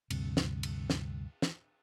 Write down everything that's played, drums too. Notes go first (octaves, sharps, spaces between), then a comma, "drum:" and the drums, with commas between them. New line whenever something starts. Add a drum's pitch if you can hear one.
D2 G2 C3, drum: cymbal
drum: snare
drum: cymbal
drum: snare
drum: snare